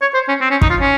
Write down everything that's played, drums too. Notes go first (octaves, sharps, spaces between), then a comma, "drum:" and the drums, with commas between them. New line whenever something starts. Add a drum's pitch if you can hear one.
C#5
C5
C#4
C4
C#4
D#4, drum: kick
F4
C#4